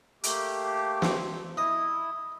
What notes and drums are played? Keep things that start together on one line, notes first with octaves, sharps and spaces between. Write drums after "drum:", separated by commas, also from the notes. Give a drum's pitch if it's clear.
A3 A#3 G4, drum: hi-hat
C4, drum: snare
E4 D#5